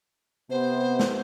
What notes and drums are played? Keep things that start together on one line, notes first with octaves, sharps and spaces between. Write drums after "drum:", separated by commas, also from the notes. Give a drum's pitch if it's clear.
C3 B3 C5
drum: snare